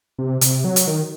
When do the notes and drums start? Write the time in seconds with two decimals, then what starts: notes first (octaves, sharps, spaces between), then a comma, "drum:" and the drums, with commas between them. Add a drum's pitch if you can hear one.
0.18 C3
0.41 C3, drum: hi-hat
0.64 F#3
0.76 drum: hi-hat
0.87 D#3